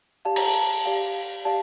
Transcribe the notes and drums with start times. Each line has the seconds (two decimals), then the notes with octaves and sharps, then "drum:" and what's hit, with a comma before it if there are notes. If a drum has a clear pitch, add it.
0.25 G4 D5 F5 A5
0.36 A#5, drum: cymbal
0.47 A5
0.85 G4 D5 F5
1.45 G4 D5 F5 A5